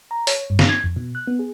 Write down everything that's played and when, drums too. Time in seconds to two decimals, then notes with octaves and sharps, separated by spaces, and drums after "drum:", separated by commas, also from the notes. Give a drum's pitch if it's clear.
0.11 A#5
0.27 C#5, drum: open hi-hat
0.50 G2
0.59 drum: snare
0.69 G#6
0.84 F2
0.96 B2
1.15 F#6
1.27 B3
1.39 G#4